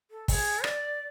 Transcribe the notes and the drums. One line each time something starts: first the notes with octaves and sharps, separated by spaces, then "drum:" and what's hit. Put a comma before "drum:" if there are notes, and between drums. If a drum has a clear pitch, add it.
A4
A4, drum: kick, open hi-hat
G#4
D5, drum: rim click